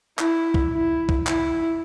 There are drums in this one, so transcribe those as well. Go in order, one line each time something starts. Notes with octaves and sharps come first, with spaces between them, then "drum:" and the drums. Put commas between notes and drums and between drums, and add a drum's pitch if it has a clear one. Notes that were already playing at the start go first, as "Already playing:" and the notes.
E4, drum: clap
drum: kick
E4
drum: kick
E4, drum: clap